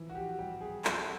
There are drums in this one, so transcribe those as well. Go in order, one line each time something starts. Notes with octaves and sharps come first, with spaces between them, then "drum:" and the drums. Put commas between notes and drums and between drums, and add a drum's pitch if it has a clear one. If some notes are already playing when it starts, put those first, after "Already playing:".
Already playing: E3 F3
F#4
G4
G3 G4
G#4
F#3 A4, drum: clap